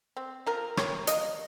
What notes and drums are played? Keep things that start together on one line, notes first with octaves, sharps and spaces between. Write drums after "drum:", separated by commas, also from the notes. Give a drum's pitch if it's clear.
C4
F3 A#4
C3 C#5, drum: rim click
A#3 D#5, drum: hi-hat